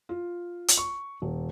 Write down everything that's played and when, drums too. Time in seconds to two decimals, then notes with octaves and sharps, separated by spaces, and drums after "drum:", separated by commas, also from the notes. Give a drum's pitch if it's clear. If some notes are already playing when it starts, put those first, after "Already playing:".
0.09 F4
0.68 drum: hi-hat
0.78 C#6
1.22 D#1